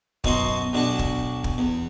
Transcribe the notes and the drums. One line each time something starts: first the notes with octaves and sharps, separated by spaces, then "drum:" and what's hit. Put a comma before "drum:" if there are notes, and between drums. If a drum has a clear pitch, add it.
F#2 B2 D#4 F#4 C6, drum: kick
B1 D4 F#4 A5
drum: kick
drum: kick
E2